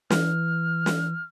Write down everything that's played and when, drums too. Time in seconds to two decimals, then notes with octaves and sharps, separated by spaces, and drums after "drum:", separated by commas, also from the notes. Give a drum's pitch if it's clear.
0.10 E3 F6, drum: snare
0.86 drum: snare